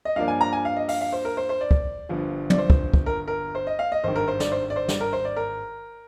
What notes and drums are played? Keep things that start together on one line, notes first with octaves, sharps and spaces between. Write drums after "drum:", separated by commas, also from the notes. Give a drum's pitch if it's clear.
D#5
G2 F3 A#3 D4 F5
G#5
A#5
G#5
F5
D#5
F5, drum: open hi-hat
F5
C5
A#4
C5
C5
D5
drum: kick
G1 G2 F3
D5, drum: tom
C5
drum: kick
drum: kick
A#4
A#4
C5
D#5
F5
D#5
G#1 G2 D#3 C5
A#4
C5
D5, drum: snare
C5
D5
C5
D5, drum: snare
A#4
C5
D5
A#4